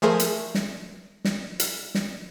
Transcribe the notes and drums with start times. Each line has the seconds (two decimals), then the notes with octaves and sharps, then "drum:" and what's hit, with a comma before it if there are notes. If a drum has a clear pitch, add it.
0.02 F3 A3 G#4 A#4 C5
0.20 drum: hi-hat
0.55 drum: snare
1.25 drum: snare
1.60 drum: hi-hat
1.95 drum: snare